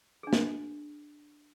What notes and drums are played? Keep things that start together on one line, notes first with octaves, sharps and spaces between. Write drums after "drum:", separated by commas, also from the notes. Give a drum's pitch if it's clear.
D4 G#4
drum: snare